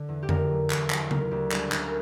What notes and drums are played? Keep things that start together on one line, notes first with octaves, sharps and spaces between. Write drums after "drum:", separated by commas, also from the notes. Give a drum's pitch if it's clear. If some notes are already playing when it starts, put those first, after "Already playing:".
Already playing: D3
E2
G4
D3 A#4, drum: tom F2
F#3
E2, drum: clap
F#3, drum: clap
D2 A#4, drum: tom C#3
D2 G4
G3 D4, drum: clap
D2 C#4, drum: clap
A#4